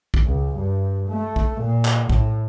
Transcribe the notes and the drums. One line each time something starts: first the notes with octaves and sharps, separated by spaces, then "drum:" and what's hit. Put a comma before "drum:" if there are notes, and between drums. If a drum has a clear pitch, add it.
drum: kick A#1
C#2
G2
A3
drum: kick A#1
A#2
drum: clap
A2, drum: kick A#1